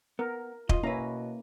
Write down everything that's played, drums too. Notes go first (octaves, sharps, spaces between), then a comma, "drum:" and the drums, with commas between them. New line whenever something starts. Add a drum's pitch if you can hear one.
B3 A#4
F4 D#5, drum: kick
B2 A#3 C#4 E4 B4 A#5